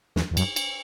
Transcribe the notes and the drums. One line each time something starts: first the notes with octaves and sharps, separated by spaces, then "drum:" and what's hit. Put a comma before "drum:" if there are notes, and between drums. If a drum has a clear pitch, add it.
E2, drum: snare
E2
F#2, drum: cymbal
drum: cymbal